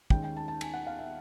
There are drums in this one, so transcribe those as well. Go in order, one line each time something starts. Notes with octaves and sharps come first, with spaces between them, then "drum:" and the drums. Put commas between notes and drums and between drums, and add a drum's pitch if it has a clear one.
D#2 D#3 G#3 C#4 G5, drum: kick
G5
A5
A5
G#5, drum: cymbal
F#5
F5
E5